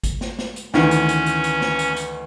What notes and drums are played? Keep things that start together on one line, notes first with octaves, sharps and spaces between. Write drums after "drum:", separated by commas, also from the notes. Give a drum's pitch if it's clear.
drum: kick G#1, hi-hat
drum: snare
drum: snare
drum: hi-hat
D2 D#3 E3 C#4, drum: snare
drum: hi-hat
drum: hi-hat
drum: hi-hat
drum: hi-hat
drum: snare
drum: hi-hat
drum: hi-hat